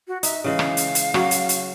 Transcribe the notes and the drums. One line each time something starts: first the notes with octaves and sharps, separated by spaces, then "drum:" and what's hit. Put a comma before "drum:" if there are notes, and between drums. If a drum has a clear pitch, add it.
F#4
D#4 E5, drum: hi-hat
C#3 E3 G#3 F5
drum: rim click
drum: hi-hat
drum: hi-hat
F#3 C#4 F#4, drum: rim click
drum: hi-hat
drum: hi-hat